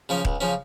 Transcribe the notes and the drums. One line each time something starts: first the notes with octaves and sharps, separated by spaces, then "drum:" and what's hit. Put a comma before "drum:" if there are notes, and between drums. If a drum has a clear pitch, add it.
C#3 F3 C#4
C#2, drum: kick D#1
C#3 F3 C#4